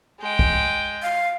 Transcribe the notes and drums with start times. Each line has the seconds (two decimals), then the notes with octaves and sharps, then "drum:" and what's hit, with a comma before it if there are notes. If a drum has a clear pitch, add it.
0.20 G#3 G5
0.39 drum: kick
1.03 F5